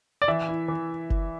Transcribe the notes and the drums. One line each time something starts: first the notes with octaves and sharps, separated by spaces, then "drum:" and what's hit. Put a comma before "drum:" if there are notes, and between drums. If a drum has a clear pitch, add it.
D5
E3 E5
E4
E3
drum: kick F#1